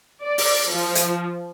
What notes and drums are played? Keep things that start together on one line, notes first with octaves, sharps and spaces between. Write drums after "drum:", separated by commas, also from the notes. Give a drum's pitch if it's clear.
D5
drum: open hi-hat
F3
drum: hi-hat